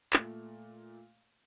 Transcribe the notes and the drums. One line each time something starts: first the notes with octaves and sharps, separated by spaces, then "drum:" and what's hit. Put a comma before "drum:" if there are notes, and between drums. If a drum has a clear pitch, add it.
A#2 A3, drum: clap